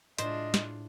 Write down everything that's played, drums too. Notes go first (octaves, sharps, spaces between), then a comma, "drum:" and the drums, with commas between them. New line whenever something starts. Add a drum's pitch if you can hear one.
A2 G#3 D4 F4 C5 D#5, drum: hi-hat
drum: snare